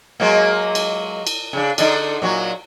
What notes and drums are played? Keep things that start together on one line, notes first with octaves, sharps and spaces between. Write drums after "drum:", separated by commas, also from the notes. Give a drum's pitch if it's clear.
F#3 G#3 A#3
drum: cymbal
drum: cymbal
C#3 D4
D3 D4 D#4, drum: cymbal
A#2 F#3 F#4